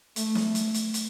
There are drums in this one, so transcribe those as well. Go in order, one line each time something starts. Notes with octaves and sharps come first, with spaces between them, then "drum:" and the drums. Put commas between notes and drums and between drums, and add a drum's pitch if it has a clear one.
A3, drum: hi-hat
drum: snare
drum: hi-hat
drum: hi-hat
drum: hi-hat